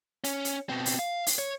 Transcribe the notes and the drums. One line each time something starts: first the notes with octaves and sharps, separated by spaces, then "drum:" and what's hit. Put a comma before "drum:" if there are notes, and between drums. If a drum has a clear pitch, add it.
C#4, drum: hi-hat
drum: hi-hat
B2 C4
drum: open hi-hat
F5
drum: open hi-hat
C#5